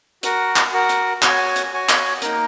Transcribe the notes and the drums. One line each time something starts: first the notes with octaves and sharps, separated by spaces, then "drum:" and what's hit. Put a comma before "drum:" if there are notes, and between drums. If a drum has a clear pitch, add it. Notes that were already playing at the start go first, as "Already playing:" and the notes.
F#4 A#4 F#5, drum: hi-hat
drum: clap
F#4 A#4 F#5
drum: hi-hat
F#4 C#5 G#5, drum: clap
drum: hi-hat
F#4 C#5 G#5
drum: clap
A#3 D#4 A#4, drum: hi-hat